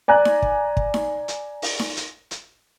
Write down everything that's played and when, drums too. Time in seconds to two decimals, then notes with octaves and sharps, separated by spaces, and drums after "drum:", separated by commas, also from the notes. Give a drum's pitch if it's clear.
0.08 D5 G#5 A#5 F#6
0.25 drum: snare D#4
0.42 drum: kick
0.77 drum: kick
0.94 drum: snare D#4
1.28 drum: hi-hat
1.62 drum: open hi-hat
1.79 drum: snare D#4
1.97 drum: hi-hat
2.31 drum: hi-hat